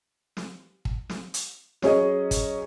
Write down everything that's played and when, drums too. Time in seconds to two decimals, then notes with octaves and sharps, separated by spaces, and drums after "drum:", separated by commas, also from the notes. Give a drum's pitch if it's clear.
0.37 drum: snare
0.85 drum: kick
1.09 drum: snare
1.34 drum: hi-hat
1.82 F#3 C#4 G#4 D#5, drum: snare
2.31 drum: kick, hi-hat